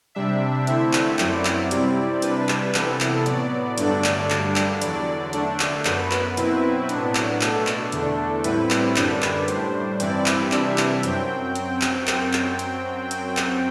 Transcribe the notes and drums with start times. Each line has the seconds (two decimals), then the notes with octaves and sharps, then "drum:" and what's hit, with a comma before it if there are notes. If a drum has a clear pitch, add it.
0.15 C3 G3 D4 E5
0.67 D3 A3 C4 E4 E5, drum: hi-hat
0.93 drum: clap
1.19 F#2 F#3 C4 E4 D5, drum: clap
1.45 drum: clap
1.71 C3 G3 C4 E4, drum: hi-hat
2.22 C3 G3 D4 B4, drum: hi-hat
2.49 drum: clap
2.74 C3 E3 B3 A4, drum: clap
3.00 drum: clap
3.26 A2 F#3 B3 D5, drum: hi-hat
3.78 G2 D3 F#3 A3 D4, drum: hi-hat
4.04 drum: clap
4.30 G2 D3 G3 D4, drum: clap
4.56 drum: clap
4.82 E2 D3 F#3 D5, drum: hi-hat
5.33 D3 A3 D4, drum: hi-hat
5.60 drum: clap
5.85 F#2 F#3 B3 B4, drum: clap
6.11 drum: clap
6.37 B2 F#3 C4 E4, drum: hi-hat
6.89 A2 F#3 B3 D4, drum: hi-hat
7.15 drum: clap
7.41 B2 A3 D4 A4, drum: clap
7.67 drum: clap
7.92 E2 D3 A3 D4, drum: hi-hat
8.44 A2 G3 C4 E4 B4, drum: hi-hat
8.70 drum: clap
8.96 F#2 D3 G3 D4 B4, drum: clap
9.22 drum: clap
9.48 A2 G3 D4 C5, drum: hi-hat
10.00 G2 E3 G3 C4 E4 D5, drum: hi-hat
10.26 drum: clap
10.52 C3 E3 G3 D4 E5, drum: clap
10.78 drum: clap
11.03 F#2 F#3 C4 G5, drum: hi-hat
11.55 drum: hi-hat
11.81 drum: clap
12.07 drum: clap
12.33 drum: clap
12.59 drum: hi-hat
13.11 drum: hi-hat
13.37 drum: clap